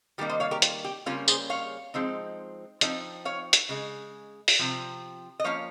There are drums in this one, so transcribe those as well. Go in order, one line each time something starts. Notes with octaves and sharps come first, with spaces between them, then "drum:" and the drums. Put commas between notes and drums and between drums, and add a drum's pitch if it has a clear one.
D#3 G3 A#3 D#4 G4
C5 D#5
C#5 F5
G4 A#4
F4, drum: hi-hat
G4
C#3 G3 A#3 C#4 F4
G#4 C5, drum: tambourine
C#5 F5
F3 G#3 C4 D#4
F3 C4 D#4, drum: hi-hat
C#5 F5
drum: hi-hat
C#3 G#3
drum: open hi-hat
C3 F3
D#5
F3 A#3 C#4 C#5 F5